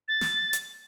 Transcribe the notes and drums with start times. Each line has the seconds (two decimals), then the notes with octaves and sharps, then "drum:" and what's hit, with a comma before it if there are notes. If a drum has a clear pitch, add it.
0.08 A6
0.21 drum: snare
0.53 drum: hi-hat